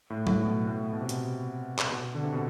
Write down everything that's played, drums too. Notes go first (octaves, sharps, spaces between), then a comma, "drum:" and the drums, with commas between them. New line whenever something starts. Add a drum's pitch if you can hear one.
A2
A2, drum: tom F#3
B2
A2
B2
C3
B2, drum: hi-hat
drum: clap
B2
D3
C3
B2